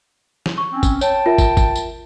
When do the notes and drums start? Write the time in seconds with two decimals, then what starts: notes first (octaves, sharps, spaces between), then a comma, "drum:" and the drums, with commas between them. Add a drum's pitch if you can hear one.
0.46 drum: snare
0.58 C#6
0.73 C4 C#4
0.83 drum: kick, tambourine
1.01 C#5 G5 A5, drum: tambourine
1.26 F4 A#4 E5
1.38 drum: kick, tambourine
1.57 drum: kick, tambourine
1.75 drum: tambourine